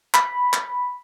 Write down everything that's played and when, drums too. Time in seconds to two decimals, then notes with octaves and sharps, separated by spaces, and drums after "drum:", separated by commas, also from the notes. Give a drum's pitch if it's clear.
0.14 B5, drum: clap
0.53 drum: clap